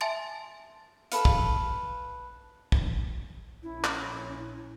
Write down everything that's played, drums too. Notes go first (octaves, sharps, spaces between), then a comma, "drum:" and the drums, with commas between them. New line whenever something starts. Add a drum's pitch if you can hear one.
E5 G#5 A5 C6 A6 D7
A4 B4 F5, drum: hi-hat
drum: kick
drum: kick
A#1 C#4 E4
drum: clap